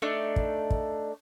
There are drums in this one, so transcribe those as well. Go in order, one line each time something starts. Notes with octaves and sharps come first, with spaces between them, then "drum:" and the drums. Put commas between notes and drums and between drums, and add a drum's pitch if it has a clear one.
A3 D4 D#4
drum: kick
drum: kick